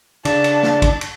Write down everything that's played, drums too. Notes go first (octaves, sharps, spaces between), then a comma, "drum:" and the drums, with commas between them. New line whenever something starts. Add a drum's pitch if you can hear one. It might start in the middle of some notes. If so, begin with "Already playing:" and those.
C#3 D4 A5, drum: cymbal
drum: cymbal
drum: snare
drum: kick, cymbal
drum: cymbal